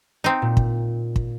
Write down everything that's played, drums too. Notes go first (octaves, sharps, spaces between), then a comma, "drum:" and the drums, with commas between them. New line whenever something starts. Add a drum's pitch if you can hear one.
C4 D#4
A#2
drum: kick
drum: kick